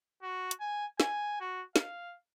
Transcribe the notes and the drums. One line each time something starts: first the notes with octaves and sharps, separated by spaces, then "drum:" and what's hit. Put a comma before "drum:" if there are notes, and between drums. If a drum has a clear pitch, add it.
F#4
drum: hi-hat
G#5
G#5, drum: snare
F#4
F5, drum: snare